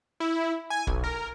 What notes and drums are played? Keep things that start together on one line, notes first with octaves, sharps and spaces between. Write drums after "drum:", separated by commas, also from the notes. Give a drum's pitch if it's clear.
E4
G#5
B1, drum: kick
A#4